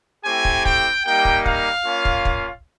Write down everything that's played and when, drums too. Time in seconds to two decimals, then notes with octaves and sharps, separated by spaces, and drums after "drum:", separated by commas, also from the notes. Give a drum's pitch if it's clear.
0.24 A3 C4 E4 G4 G#5
0.45 drum: kick
0.65 G5, drum: kick
1.04 G3 A#3 D#4 G4 G5
1.25 drum: kick
1.46 F5, drum: kick
1.85 A#3 C#4 F4
2.05 drum: kick
2.25 drum: kick